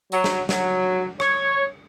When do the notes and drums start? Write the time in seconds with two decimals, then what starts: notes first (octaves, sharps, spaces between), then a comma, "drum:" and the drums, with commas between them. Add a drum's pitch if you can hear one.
0.12 F#3, drum: tambourine
0.24 drum: snare
0.49 F#3, drum: snare
1.20 C#5, drum: rim click